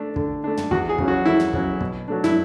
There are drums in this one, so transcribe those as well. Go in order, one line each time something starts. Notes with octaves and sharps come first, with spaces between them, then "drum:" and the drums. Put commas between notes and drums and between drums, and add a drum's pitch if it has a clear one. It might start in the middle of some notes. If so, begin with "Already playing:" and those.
Already playing: A3 D4
D3, drum: kick
A3 D4
drum: tom
E2 F#4, drum: kick
G#4
C#3 F#3 C#4, drum: kick
F#4
E2 E4
drum: tom
C#3 F#3 C#4, drum: kick
B2, drum: kick
F#3 A3 D4
E4, drum: tom